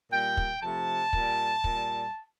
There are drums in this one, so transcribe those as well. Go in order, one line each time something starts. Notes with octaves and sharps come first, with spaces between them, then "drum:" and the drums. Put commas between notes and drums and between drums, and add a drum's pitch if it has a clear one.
A#2 G3 G5
drum: kick
C3 F3 A3 A5
A#2 G3, drum: kick
A#2 G3, drum: kick